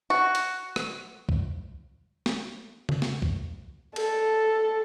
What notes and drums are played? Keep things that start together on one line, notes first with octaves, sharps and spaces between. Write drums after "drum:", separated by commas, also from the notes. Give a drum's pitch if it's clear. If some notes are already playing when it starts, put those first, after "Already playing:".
F#4
drum: hi-hat
drum: rim click
drum: kick C2
drum: snare
drum: tom C#3
drum: snare
drum: kick C2
A4, drum: cymbal